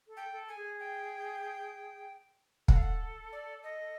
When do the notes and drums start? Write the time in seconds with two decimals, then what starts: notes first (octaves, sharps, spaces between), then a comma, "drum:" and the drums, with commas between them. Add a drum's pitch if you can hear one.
0.08 A4
0.17 G5
0.32 A4
0.49 G#5
0.56 G#4
0.80 G5
2.68 A4 F#5, drum: kick
2.76 F5
2.83 F#5
3.32 D5
3.63 D#5